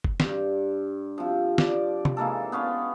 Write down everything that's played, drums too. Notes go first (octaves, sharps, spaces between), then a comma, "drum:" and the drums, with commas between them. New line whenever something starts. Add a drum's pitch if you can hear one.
drum: kick
G2, drum: snare
C3 F3
D5, drum: snare
drum: tom
E3 G#3 A#3 A4
B3 C#4 F5 C6